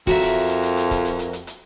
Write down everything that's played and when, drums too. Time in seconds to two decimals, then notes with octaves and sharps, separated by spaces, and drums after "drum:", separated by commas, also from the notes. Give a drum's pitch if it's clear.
0.07 F2 F#4 A#4 E5, drum: kick, open hi-hat
0.21 drum: open hi-hat
0.49 drum: hi-hat
0.63 drum: hi-hat
0.77 drum: hi-hat
0.91 drum: kick, hi-hat
1.05 drum: hi-hat
1.19 drum: hi-hat
1.33 drum: hi-hat
1.47 drum: hi-hat